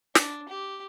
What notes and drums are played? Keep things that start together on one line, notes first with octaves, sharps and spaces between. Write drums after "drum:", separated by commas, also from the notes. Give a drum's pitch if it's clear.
D4, drum: snare
G4